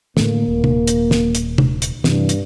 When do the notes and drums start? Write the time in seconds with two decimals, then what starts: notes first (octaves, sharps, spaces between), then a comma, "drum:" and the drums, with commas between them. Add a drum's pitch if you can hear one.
0.17 A2 D3 A3 A#3, drum: snare
0.48 D#1
0.64 drum: tom
0.87 drum: hi-hat
1.11 drum: snare
1.35 drum: hi-hat
1.58 drum: tom
1.82 drum: hi-hat
2.04 G2 C3 E3, drum: snare
2.29 drum: hi-hat